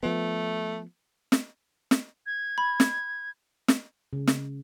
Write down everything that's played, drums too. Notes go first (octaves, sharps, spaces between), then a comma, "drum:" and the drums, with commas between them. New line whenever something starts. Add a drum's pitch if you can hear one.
F3 A3 B3
drum: snare
drum: snare
G#6
B5
drum: snare
drum: snare
C#3
drum: snare